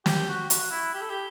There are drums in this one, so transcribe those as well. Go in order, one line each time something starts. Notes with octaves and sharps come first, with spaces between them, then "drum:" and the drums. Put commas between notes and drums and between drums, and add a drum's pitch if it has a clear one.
G4, drum: snare
F#4
F#4, drum: hi-hat
E4
G4
A4
G4